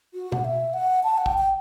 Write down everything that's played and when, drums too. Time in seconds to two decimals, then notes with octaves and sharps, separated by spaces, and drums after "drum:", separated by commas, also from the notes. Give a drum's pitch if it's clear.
0.14 F#4
0.32 F#5, drum: tom B2
0.44 E5
0.73 F#5
1.04 A5
1.18 F#5
1.26 G5, drum: kick
1.38 G5